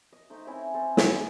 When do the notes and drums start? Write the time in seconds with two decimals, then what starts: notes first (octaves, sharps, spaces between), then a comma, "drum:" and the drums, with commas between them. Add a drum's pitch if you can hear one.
0.12 D#5
0.30 A3 D#4 C5 E5
0.47 C4 C#4 E4 G#5
0.74 C4 A4 C5
0.97 D#4 G#4 C6, drum: snare